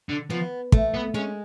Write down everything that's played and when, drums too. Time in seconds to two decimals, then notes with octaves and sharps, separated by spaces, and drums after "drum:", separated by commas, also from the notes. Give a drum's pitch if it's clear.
0.09 D3
0.30 F3 B3
0.72 A3, drum: kick
0.94 B3
1.14 G#3 C#4